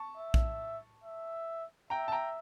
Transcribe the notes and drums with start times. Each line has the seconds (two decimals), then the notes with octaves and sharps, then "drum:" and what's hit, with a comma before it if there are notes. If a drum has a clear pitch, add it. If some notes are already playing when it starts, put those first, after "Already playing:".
Already playing: A5 C#6
0.17 E5
0.34 drum: kick A#1
1.04 E5
1.90 E5 G5 A#5
2.08 A5
2.12 G5 A#5